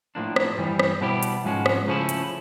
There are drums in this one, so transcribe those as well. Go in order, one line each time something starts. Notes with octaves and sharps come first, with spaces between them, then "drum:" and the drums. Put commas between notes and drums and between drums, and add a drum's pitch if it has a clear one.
A2 F3 A#3 D4
drum: rim click
G2 E3 G3
drum: rim click
B2 G3 B3 E4 G4
drum: hi-hat
G#2 F3 G#3 C#4 F#4
drum: rim click
C#3 F3 A3 C#4 E4
drum: hi-hat